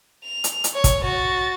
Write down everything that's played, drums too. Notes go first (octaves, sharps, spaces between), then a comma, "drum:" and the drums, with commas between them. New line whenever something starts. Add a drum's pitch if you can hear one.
F7
drum: hi-hat
drum: hi-hat
C#5
drum: kick, hi-hat
F#4 A6